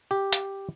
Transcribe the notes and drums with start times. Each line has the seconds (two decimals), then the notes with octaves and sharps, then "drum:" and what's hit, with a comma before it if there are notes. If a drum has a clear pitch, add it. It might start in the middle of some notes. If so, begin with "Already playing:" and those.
0.11 G4
0.33 drum: hi-hat